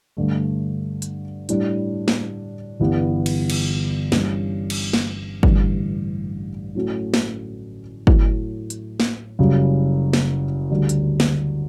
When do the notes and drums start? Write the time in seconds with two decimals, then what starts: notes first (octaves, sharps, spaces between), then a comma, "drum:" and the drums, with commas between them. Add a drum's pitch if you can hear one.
0.17 G2 D3 A3
1.02 drum: hi-hat
1.49 A2 G3 D4, drum: hi-hat
2.08 drum: snare
2.80 G1 G2 E3 G3 B3
3.26 drum: cymbal
3.50 drum: cymbal
4.12 G2 E3 G3 C#4, drum: snare
4.70 drum: cymbal
4.93 drum: snare
5.43 A1 G2 D3 G3, drum: kick
6.75 A2 F#3 A3 C#4 F#4
7.14 drum: snare
8.07 A2 F#3 A3, drum: kick
8.70 drum: hi-hat
9.00 drum: snare
9.39 F#1 F#2 C#3 G3
10.13 drum: snare
10.70 D2 D3 G3
10.89 drum: hi-hat
11.20 drum: snare